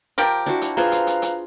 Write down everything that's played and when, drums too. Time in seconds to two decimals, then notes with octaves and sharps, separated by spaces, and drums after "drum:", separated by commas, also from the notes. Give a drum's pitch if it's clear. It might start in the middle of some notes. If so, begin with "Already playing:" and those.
0.18 F3 G4 A#4
0.46 D4 E4 F#4
0.61 drum: hi-hat
0.77 F4 G#4 B4 C5 F5 A#5
0.92 drum: hi-hat
1.07 drum: hi-hat
1.22 drum: hi-hat